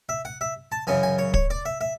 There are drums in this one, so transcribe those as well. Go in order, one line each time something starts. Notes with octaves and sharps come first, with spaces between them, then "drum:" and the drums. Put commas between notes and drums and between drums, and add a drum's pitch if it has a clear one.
E5
F#5
E5
A5
F#2 C#3 E3 G#5
G#5
C#5
C#5, drum: kick
D5
E5
E5